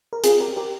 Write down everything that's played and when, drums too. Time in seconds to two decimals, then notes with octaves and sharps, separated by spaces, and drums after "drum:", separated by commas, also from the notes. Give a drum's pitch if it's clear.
0.13 A#4
0.24 C4 F4 G#4, drum: hi-hat
0.40 G4 A#4
0.48 C4
0.56 G4 A#4